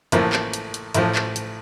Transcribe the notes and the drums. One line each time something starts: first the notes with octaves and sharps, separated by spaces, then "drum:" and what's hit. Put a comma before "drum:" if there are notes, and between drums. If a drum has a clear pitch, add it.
A1 A2 F3 A#3, drum: hi-hat
drum: clap
drum: hi-hat
drum: hi-hat
A1 A2 F3, drum: hi-hat
drum: clap
drum: hi-hat